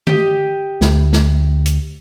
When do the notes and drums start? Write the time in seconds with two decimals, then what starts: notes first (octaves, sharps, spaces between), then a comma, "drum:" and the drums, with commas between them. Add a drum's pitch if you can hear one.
0.07 G4 D#5, drum: tom D3
0.81 D2, drum: snare A3
1.13 drum: snare A3
1.66 drum: hi-hat